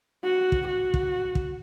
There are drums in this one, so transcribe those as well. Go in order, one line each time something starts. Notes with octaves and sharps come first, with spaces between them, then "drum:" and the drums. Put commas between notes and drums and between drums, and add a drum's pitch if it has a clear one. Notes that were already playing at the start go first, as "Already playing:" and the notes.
F#4
drum: kick
F#4
drum: kick
drum: kick